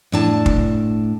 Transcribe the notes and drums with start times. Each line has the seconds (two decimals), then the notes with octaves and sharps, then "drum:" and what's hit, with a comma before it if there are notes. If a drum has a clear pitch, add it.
0.12 A2 D4 A5
0.46 drum: kick